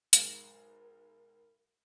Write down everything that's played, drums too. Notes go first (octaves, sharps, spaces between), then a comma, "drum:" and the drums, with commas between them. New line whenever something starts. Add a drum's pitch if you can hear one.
B1 G#2 A#4 F5, drum: hi-hat